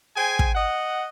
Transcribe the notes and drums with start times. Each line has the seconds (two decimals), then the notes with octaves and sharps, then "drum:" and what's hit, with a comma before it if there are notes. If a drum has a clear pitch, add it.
0.16 G#4 C5 G5 G#5
0.39 drum: kick
0.55 D#5 F#5